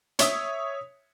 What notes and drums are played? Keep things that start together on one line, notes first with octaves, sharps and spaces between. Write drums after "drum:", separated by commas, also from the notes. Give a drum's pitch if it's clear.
C#5 E5 D#6, drum: hi-hat